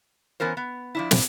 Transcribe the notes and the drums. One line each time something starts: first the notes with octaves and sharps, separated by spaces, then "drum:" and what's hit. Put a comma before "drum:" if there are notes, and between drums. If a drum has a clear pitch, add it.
E3 B3 C#4 A#4 C5
B3
F3 D4 E4
drum: snare